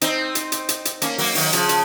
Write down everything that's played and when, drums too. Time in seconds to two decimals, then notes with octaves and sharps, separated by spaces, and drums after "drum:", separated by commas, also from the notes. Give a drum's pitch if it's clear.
0.01 C4 D#4, drum: hi-hat
0.35 drum: hi-hat
0.52 drum: hi-hat
0.69 drum: hi-hat
0.85 drum: hi-hat
1.02 A#3 C#4, drum: hi-hat
1.18 F#3 A#3, drum: open hi-hat
1.35 D#3 F#3, drum: open hi-hat
1.53 C#3 F3, drum: hi-hat
1.69 drum: hi-hat